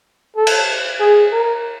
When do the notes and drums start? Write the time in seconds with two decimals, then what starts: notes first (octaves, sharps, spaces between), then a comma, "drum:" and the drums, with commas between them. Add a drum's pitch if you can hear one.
0.36 A4
0.47 drum: cymbal
1.00 G#4
1.32 A#4